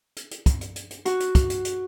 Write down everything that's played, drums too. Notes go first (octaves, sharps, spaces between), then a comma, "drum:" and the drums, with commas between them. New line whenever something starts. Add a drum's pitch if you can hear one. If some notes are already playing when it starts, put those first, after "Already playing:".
drum: hi-hat
drum: hi-hat
drum: kick, hi-hat
drum: hi-hat
drum: hi-hat
drum: hi-hat
F#4, drum: hi-hat
drum: hi-hat
drum: kick, hi-hat
drum: hi-hat
drum: hi-hat